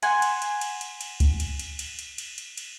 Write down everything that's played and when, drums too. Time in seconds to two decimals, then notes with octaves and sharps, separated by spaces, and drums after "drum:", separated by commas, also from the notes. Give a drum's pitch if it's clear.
0.03 F#5 G#5 C6, drum: cymbal
0.22 drum: cymbal
0.42 drum: cymbal
0.61 drum: cymbal
0.81 drum: cymbal
1.01 drum: cymbal
1.20 drum: kick, cymbal
1.40 drum: cymbal
1.59 drum: cymbal
1.79 drum: cymbal
1.99 drum: cymbal
2.18 drum: cymbal
2.38 drum: cymbal
2.58 drum: cymbal